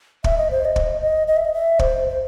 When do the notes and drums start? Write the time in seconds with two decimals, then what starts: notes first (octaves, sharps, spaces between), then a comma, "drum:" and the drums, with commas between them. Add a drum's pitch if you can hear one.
0.24 E5, drum: kick
0.38 D#5
0.51 C5
0.65 D#5
0.76 drum: kick
1.02 D#5
1.27 D#5
1.37 E5
1.45 D#5
1.54 E5
1.79 C5, drum: kick
2.08 C5